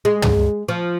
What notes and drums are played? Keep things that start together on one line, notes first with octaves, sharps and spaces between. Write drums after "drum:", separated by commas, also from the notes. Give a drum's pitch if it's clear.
G#3
drum: tom
F3